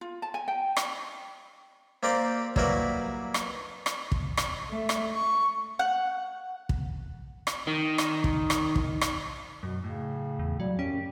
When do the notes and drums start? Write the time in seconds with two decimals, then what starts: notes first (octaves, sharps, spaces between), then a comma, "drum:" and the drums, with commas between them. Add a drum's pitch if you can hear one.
0.01 F4
0.22 A5
0.34 G#5
0.48 G5
0.77 drum: rim click
2.03 A#3 C4 G4 D5 F5 G5
2.56 F#3 G3 A#3 E4 A#4 B4, drum: kick
3.34 drum: rim click
3.86 drum: rim click
4.12 drum: kick
4.37 drum: rim click
4.69 A3
4.89 drum: rim click
5.15 C#6
5.79 F#5
6.69 drum: kick
7.47 drum: rim click
7.67 D#3
7.98 drum: rim click
8.24 drum: kick
8.50 drum: rim click
8.76 drum: kick
9.01 drum: rim click
9.63 F#2 B2
9.84 A2 C#3
10.39 E2
10.60 F#3 G3
10.79 F#2 C#4 G4